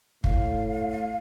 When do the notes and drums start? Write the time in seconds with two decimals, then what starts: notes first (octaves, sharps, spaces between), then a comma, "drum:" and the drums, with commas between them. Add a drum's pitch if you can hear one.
0.24 A2 F5, drum: kick